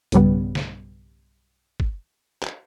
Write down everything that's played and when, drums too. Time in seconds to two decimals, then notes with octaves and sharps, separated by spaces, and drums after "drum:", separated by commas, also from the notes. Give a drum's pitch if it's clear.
0.12 B1 G2 C#3 G3 B3, drum: hi-hat
0.55 drum: snare
1.80 drum: kick
2.43 drum: clap